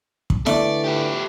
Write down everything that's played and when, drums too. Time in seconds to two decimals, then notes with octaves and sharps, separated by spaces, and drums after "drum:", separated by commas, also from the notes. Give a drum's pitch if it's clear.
0.30 drum: kick
0.46 D3 E3 A3 D5, drum: snare E4
0.84 B3 G4